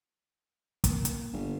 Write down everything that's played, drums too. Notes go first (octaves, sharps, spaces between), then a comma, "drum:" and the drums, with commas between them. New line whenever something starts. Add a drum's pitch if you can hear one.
A#3, drum: kick, hi-hat
drum: hi-hat
G1